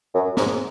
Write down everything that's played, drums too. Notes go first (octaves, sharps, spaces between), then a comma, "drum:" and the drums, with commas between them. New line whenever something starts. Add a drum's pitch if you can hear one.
F#2
G#2, drum: snare